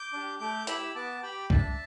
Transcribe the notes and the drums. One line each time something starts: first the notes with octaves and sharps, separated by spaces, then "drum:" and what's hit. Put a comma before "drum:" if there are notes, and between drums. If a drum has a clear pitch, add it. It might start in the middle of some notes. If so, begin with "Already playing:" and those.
Already playing: D6 G6
D4 G4
A3 D6 G6
E4 G4 B5 E6, drum: hi-hat
B3 A5 D6
G4 G5 B5
D4 E5 A5, drum: kick